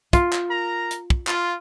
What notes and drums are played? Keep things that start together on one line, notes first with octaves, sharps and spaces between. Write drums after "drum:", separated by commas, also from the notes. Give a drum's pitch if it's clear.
F4, drum: kick, hi-hat
drum: clap
A#4 A#5
drum: hi-hat
drum: kick
F4, drum: clap